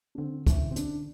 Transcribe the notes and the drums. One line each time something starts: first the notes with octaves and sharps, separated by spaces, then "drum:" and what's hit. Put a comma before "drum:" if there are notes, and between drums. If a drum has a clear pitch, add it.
D4
D3 C4
E4, drum: kick, hi-hat
C4
D4, drum: hi-hat